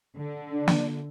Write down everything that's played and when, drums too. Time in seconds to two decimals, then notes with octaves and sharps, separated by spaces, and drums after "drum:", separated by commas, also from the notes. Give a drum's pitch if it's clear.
0.16 D3
0.51 D4
0.68 drum: snare